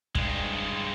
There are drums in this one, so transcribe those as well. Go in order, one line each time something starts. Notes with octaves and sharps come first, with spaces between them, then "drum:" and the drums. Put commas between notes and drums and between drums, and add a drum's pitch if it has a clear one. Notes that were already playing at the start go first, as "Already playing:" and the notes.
G2 G#3, drum: kick